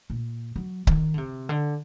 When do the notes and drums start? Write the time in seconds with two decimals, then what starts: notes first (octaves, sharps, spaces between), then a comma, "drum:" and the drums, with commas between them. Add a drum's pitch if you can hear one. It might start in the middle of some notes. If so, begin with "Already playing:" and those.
0.10 A#2
0.56 F#3
0.87 D#3, drum: kick C#1
1.14 D3
1.18 C3
1.49 D3